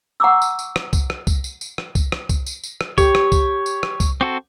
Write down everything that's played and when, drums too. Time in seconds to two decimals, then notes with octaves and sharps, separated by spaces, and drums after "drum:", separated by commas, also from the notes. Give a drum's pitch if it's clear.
0.20 F#5 A#5 C#6 D6 E6
0.42 drum: tambourine
0.59 drum: tambourine
0.76 drum: rim click
0.93 drum: kick C2, tambourine
1.10 drum: rim click
1.27 drum: kick C2, tambourine
1.44 drum: tambourine
1.61 drum: tambourine
1.78 drum: rim click
1.95 drum: kick C2, tambourine
2.12 drum: rim click
2.29 drum: kick C2, tambourine
2.46 drum: tambourine
2.64 drum: tambourine
2.81 drum: rim click
2.98 G4 C#5, drum: kick C2, tambourine
3.15 drum: rim click
3.32 drum: kick C2, tambourine
3.66 drum: tambourine
3.83 drum: rim click
4.00 drum: kick C2, tambourine
4.21 C4 F#4 A4